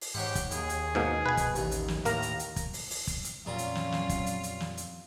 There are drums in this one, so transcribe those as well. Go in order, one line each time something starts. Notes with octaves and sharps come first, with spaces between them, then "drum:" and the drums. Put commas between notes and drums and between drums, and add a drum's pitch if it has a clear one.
drum: open hi-hat
G#2 G4 C#5 F#5
drum: kick, hi-hat
D#2 G#4, drum: hi-hat
drum: hi-hat
G#2 B2 A#3
B2 B4 G#5
drum: kick, hi-hat
A1 D#2, drum: hi-hat
drum: hi-hat
drum: snare
A2 A#3 A#4 A#5, drum: hi-hat
drum: hi-hat
drum: hi-hat
drum: kick, hi-hat
drum: open hi-hat
drum: open hi-hat
drum: kick, hi-hat
drum: hi-hat
F2 A#2 F#3 G3 C#4 F4 D5 A#5
drum: hi-hat
drum: snare
drum: snare
drum: kick, hi-hat
drum: hi-hat
drum: hi-hat
drum: snare
drum: hi-hat